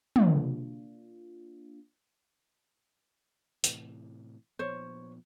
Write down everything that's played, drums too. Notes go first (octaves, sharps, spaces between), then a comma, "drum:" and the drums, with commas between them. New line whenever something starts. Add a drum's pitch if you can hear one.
A#3 D4 F4, drum: tom
A2 C3 E3, drum: hi-hat
A#2 F3 B3 C5 C#5